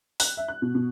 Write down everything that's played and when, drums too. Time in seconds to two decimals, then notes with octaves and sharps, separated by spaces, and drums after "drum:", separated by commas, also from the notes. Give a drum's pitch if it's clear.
0.20 F#6, drum: open hi-hat
0.37 E5
0.48 F#6
0.62 B2
0.75 B2